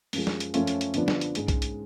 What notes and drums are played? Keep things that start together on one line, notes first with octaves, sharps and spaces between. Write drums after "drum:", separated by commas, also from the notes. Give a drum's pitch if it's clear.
F#2 F3 G#3, drum: open hi-hat
drum: snare
drum: hi-hat
F#2 F3 A3 C#4 F4, drum: hi-hat
drum: hi-hat
drum: hi-hat
D3 F3 B3 D4, drum: hi-hat
drum: snare
drum: hi-hat
G#2 G#3 C#4, drum: hi-hat
drum: kick, hi-hat
drum: hi-hat